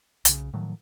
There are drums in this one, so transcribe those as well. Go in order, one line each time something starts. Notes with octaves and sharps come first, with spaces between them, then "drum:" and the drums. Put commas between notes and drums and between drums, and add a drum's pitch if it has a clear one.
B1 C#3, drum: hi-hat
A2 D#3 F3 F#3